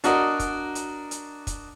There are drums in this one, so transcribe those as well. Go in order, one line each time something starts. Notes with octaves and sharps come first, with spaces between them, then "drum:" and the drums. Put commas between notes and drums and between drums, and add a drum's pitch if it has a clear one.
D4 F#4 A#4 D#5, drum: hi-hat
drum: kick, hi-hat
drum: hi-hat
drum: hi-hat
drum: kick, hi-hat